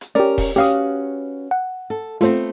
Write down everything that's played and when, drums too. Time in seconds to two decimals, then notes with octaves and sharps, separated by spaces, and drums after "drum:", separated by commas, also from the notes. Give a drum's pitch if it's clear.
0.01 drum: hi-hat
0.15 C#4 G4 A#4 D5
0.38 drum: kick E1, open hi-hat
0.56 C#4 F#4 G4 B4 F5 D#6
1.51 F#5
1.90 A4
2.21 A3 B3 C4 F4 A4 C5, drum: hi-hat